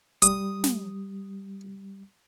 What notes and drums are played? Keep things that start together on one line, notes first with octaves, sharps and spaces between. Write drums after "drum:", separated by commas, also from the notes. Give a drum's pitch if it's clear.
G3 D#6, drum: hi-hat
drum: snare